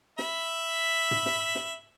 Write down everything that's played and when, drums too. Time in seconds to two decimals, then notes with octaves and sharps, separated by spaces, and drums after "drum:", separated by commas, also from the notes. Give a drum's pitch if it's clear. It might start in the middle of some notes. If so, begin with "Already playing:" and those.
0.19 E5 B5, drum: snare
1.11 drum: tom
1.26 drum: snare
1.55 drum: snare